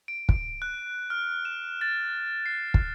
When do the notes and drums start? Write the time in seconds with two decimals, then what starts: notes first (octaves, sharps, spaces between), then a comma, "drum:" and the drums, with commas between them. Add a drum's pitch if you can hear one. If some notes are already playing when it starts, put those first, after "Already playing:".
0.08 D7
0.29 drum: kick
0.62 F#6
1.10 F6
1.45 E7
1.81 A6
2.46 C7
2.74 drum: kick